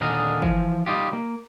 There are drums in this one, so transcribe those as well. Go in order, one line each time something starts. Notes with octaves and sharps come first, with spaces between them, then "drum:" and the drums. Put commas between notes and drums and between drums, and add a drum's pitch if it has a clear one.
D#2 A#2 D3 G#4 A#4 D#5
E3 F3, drum: kick
G3 D#4 F4 G4
A#3